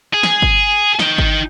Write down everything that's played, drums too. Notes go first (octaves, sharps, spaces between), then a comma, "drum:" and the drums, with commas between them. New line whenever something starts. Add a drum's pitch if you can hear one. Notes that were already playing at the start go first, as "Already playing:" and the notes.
G#4
drum: snare
drum: kick G1
D#4 G5, drum: snare
drum: kick G1